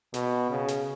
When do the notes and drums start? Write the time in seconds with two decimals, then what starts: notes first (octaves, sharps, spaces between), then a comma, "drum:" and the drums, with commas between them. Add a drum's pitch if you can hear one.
0.14 B2, drum: snare
0.50 C#3
0.68 drum: snare